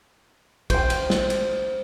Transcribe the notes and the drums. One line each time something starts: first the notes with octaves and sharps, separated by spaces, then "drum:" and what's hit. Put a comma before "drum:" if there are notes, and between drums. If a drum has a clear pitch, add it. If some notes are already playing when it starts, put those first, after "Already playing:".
C5 G5, drum: kick, cymbal
drum: cymbal
drum: snare
drum: cymbal